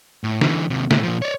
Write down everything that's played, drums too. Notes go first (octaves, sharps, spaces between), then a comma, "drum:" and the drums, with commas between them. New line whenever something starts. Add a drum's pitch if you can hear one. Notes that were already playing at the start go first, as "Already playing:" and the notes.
A2
D3 E3, drum: snare
D#2 C3
A#2 A3, drum: snare
A#2 F3
C#5 D5